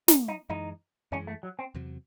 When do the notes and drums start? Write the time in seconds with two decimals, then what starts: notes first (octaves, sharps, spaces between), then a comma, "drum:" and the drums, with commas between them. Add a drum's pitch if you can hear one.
0.08 D#4, drum: snare
0.28 D#4
0.49 F#2 E3 G#3 D#4
1.12 F#2 E3 G#3 C#4
1.27 A3
1.43 F#3
1.59 C4
1.75 E2 C3 F#3